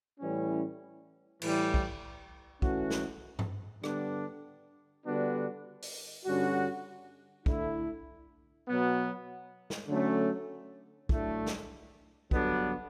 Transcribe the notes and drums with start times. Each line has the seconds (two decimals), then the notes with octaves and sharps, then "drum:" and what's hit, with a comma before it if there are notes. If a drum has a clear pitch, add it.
0.20 A2 E3 G3 C#4
1.42 A2 E3 G3, drum: cymbal
1.74 drum: kick B1
2.62 E3 A3 C#4 F#4, drum: kick B1
2.90 drum: snare
3.39 drum: tom G2
3.84 D3 G3 B3 D4, drum: rim click
5.05 D3 G3 B3 D4 F#4
5.82 drum: open hi-hat
6.25 G2 D3 G3 C#4 F#4
7.46 D3 A3 E4, drum: kick B1
8.68 B2 F#3 B3
9.70 drum: snare
9.88 D3 F#3 A3 C#4
11.09 A2 F#3 A3 D4, drum: kick B1
11.46 drum: snare
12.31 G2 D3 F#3 B3 D4, drum: kick B1